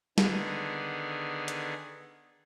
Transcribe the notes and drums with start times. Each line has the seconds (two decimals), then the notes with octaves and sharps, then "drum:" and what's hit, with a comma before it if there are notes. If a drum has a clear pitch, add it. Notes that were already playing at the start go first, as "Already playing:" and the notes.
0.18 D3 D#3 B3 G#4, drum: snare
1.48 drum: hi-hat